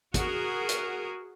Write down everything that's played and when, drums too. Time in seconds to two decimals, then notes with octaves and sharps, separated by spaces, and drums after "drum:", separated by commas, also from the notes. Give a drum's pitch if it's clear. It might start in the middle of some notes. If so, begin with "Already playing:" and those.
0.14 F#4 G#4 A#4, drum: kick, hi-hat
0.69 drum: hi-hat